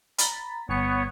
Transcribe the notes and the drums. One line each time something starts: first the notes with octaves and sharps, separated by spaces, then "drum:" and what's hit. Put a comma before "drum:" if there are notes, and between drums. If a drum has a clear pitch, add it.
A#5 B5 A6, drum: hi-hat
G1 B3 C#5 C#7